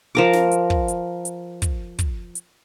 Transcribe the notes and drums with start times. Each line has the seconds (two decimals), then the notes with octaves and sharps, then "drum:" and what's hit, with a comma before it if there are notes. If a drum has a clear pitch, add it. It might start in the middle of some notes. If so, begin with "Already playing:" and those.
0.15 F3 A#4 D6
0.33 drum: snare
0.52 drum: hi-hat
0.70 drum: kick
0.88 drum: hi-hat
1.25 drum: hi-hat
1.62 drum: kick, hi-hat
1.99 drum: kick, hi-hat
2.35 drum: hi-hat